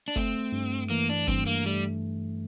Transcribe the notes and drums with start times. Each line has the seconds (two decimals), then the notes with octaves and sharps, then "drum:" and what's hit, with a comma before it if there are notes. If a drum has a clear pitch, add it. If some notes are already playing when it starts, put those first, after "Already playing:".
0.08 D4
0.16 A3 C4, drum: kick F#1
0.52 G2
0.90 E3 A#3
1.09 D4
1.27 G2 C4, drum: kick F#1
1.46 A#3
1.65 G3 A3